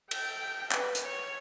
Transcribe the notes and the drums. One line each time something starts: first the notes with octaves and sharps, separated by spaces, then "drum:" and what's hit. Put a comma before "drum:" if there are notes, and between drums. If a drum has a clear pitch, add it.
G5, drum: cymbal
B4, drum: clap
drum: hi-hat
C#5